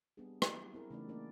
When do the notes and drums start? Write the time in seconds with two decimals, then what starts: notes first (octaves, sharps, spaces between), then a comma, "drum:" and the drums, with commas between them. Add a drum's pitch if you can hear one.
0.17 G3 B3 C4 D4 G#4
0.42 F#3 E4, drum: rim click
0.74 C4 E4 G#4 A#4
0.90 C#3 E3 A3 C4 D#4 D5
1.08 A3 A#3 D4 D5